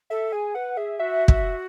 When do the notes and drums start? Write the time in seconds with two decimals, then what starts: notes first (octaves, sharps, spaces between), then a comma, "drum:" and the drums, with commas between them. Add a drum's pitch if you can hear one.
0.10 A4 E5
0.32 G#4 G#5
0.55 B4 F#5
0.77 G#4 E5
0.99 F#4 E5
1.28 E5, drum: kick